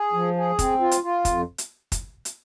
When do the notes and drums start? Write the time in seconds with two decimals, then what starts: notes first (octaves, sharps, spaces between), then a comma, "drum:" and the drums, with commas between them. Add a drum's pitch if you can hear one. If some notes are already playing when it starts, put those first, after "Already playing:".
Already playing: G#4
0.13 F3
0.36 G#4
0.59 C4, drum: kick, hi-hat
0.80 F4
0.91 drum: hi-hat
1.03 F4
1.25 F2, drum: kick, hi-hat
1.58 drum: hi-hat
1.92 drum: kick, hi-hat
2.25 drum: hi-hat